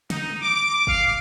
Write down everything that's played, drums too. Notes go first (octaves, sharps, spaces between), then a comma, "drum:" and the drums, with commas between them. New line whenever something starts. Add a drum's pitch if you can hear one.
D#4, drum: snare
D6
F5, drum: kick